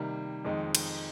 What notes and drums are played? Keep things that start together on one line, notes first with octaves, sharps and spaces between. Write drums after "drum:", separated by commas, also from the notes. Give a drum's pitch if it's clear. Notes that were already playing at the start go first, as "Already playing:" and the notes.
Already playing: C3 D#3 G3 A#3
F2 D#3 G#3 D#4
drum: cymbal